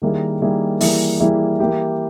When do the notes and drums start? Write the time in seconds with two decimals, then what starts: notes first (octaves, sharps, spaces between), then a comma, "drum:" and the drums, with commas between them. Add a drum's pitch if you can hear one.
0.02 D#3 G3 A#3 E4 G#4
0.41 D#3 G3 A#3 E4 G#4
0.81 E3 G3 A#3 E4 G#4, drum: open hi-hat
1.20 E3 G3 A#3 E4 G#4
1.60 E3 A#3 E4 G4